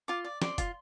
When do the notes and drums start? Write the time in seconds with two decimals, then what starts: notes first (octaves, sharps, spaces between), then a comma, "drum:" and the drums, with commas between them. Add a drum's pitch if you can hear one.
0.08 F4 D6
0.24 D5
0.42 D5 C6, drum: snare
0.58 F4, drum: kick F1, hi-hat